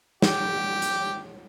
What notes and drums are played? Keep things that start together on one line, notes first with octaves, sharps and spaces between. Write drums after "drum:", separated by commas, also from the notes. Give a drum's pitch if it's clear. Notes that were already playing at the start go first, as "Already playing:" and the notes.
G4, drum: snare
drum: hi-hat